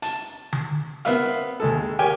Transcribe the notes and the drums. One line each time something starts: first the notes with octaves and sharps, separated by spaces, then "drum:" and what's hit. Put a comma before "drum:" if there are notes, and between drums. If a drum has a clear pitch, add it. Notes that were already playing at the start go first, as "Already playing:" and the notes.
A5, drum: hi-hat
drum: tom D3
B3 C4 A#4 E5 F5, drum: hi-hat
D#2 G#3 A4
G4 A#4 C#5 G5 G#5